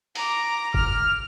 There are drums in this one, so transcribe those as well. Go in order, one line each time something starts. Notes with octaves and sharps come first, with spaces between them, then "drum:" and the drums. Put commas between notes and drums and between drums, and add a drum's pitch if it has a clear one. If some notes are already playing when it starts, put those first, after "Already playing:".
A#5 D6, drum: open hi-hat
F6, drum: kick F#1